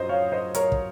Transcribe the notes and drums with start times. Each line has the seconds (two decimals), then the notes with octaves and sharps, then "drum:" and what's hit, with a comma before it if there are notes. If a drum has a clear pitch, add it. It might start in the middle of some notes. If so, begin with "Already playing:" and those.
Already playing: F#2 F3 C5 D#5
0.09 C#5 F5
0.32 C5 D#5
0.54 A#4 C#5, drum: hi-hat
0.72 drum: kick